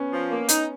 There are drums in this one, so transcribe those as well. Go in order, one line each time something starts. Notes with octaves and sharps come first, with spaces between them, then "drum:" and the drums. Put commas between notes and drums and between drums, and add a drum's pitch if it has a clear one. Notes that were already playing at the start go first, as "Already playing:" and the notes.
Already playing: B3 C#4
F3
A#3
D#4, drum: hi-hat